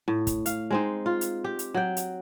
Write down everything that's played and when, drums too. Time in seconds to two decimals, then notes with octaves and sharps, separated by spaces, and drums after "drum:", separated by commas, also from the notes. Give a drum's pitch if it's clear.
0.08 A2
0.27 drum: kick, hi-hat
0.46 F5, drum: hi-hat
0.71 G#3 C4 D#4
1.06 F4
1.21 drum: hi-hat
1.44 G4
1.59 drum: hi-hat
1.75 F#3 G5
1.97 drum: hi-hat